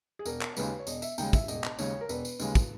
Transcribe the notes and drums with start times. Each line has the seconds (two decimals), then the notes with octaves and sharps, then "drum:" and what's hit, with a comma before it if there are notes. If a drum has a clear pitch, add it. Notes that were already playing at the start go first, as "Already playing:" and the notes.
0.19 G#4
0.26 E1 A#4, drum: tambourine
0.41 drum: clap
0.57 D#2 C#3 G#3 B4, drum: tambourine
0.79 C#5
0.87 E1 D#5, drum: tambourine
1.02 E5, drum: tambourine
1.18 D#2 C#3 G#3 G5, drum: tambourine
1.33 E5, drum: kick, tambourine
1.48 E1 D#5, drum: tambourine
1.64 drum: clap
1.79 D#2 C#3 G#3 C#5, drum: tambourine
2.01 A#4
2.09 E1 B4, drum: tambourine
2.25 drum: tambourine
2.40 D#2 C#3 G#3, drum: tambourine
2.55 drum: kick, tambourine